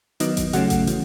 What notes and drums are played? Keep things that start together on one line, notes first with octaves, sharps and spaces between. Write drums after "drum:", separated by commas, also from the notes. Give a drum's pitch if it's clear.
D#3 F#3 B3 D#4 D#5, drum: hi-hat
drum: kick A1, hi-hat
C#3 F#3 A3 C#4 F#4 F#5, drum: hi-hat
drum: kick A1, hi-hat
E3, drum: hi-hat